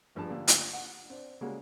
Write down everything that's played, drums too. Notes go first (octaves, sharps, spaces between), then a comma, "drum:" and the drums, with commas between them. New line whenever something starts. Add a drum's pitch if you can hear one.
G1 G2 F3 G#4 A5
D3 A#3 F4 G4
drum: hi-hat
F#5
C4 D4
C#3 G3 G#3 A#3 C#4 F#4